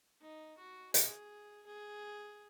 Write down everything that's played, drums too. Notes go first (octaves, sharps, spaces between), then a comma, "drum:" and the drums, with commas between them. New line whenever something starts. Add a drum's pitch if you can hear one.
D#4
F#4
G#4, drum: hi-hat
G#4